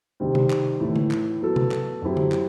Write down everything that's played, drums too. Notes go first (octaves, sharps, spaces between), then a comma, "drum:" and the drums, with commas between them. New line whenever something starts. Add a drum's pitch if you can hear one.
C3 D#3 G3 C4
drum: tom
drum: clap
A2 E3 A3 E4
drum: tom
drum: clap
F#3 B3 F#4 A4
drum: tom
drum: clap
F#2 F#3 C4 E4 G4
drum: tom
drum: clap